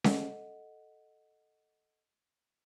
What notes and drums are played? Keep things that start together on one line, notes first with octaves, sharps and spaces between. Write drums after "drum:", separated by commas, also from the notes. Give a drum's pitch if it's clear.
A4 D#5 F#5, drum: snare C#4